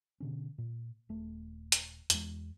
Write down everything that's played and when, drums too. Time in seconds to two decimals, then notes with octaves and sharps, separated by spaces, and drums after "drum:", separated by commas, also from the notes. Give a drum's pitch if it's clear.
0.20 B2 D3 C#4
0.58 A#2
1.09 D#1 A3
1.72 drum: hi-hat
2.10 E2 G#3, drum: hi-hat